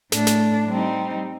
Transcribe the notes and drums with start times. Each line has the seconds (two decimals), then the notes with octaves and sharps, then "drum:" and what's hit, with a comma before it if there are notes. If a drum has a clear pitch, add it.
0.12 A2 A3 D4, drum: snare
0.27 drum: snare
0.68 G3 C4 D#4